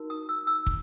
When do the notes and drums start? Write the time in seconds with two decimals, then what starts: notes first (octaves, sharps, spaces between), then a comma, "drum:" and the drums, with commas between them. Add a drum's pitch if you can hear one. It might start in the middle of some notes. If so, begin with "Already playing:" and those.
Already playing: D#4 F#4 A#4
0.10 D#6
0.29 E6
0.47 E6
0.66 drum: kick